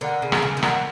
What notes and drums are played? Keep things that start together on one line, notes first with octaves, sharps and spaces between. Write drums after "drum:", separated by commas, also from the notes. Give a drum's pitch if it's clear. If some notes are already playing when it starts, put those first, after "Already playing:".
D3 A#4 D5 F#5
C#3
drum: rim click
C#3
D#3
D3 A#4 D5 F#5, drum: rim click